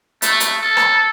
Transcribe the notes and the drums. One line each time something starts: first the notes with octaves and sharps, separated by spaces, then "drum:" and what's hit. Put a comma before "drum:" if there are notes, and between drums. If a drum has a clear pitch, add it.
A3, drum: hi-hat
drum: hi-hat
A4
drum: rim click